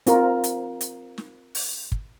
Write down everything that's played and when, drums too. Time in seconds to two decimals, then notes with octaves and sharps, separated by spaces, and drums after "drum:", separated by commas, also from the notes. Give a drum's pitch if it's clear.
0.07 C4 F4 A#4, drum: hi-hat
0.44 drum: hi-hat
0.81 drum: hi-hat
1.18 drum: snare
1.55 drum: open hi-hat
1.92 drum: kick